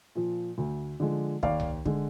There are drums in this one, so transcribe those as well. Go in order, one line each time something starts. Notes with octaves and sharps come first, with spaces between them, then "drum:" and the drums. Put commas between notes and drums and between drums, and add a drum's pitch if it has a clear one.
A#2 F3
D2
D3 F3 G#3
D#2 D5 F5, drum: kick
drum: tom C2
D3 G#3, drum: kick